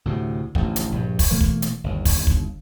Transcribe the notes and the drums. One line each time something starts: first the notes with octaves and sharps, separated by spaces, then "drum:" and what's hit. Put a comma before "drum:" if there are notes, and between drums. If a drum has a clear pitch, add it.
D2 A2 C3
A1 F2 D3, drum: kick
drum: hi-hat
A#1 G2
drum: kick, open hi-hat
B2 E3 A3 A#3
drum: kick
drum: hi-hat
G1 D#2
drum: kick, open hi-hat
drum: kick